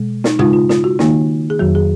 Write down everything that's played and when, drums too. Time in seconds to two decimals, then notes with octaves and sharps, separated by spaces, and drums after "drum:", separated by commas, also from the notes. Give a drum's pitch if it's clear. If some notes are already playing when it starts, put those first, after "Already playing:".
Already playing: B2 G#3
0.24 D#4, drum: snare
0.39 C#3 G#3 D#4 F4, drum: tom
0.53 F4
0.69 F4, drum: snare
0.84 F#4
0.99 D#3 A#3 D#4, drum: snare
1.50 G#4
1.59 F2 D#3 F#3 F#4
1.75 G#4